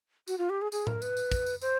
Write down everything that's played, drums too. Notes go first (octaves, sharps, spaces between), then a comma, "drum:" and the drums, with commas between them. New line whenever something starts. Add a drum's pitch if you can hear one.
F#4, drum: tambourine
F4
G4
G#4
G#4, drum: tambourine
A#4, drum: tom A2
B4, drum: tambourine
drum: tambourine
drum: kick, tambourine
drum: tambourine
C5, drum: tambourine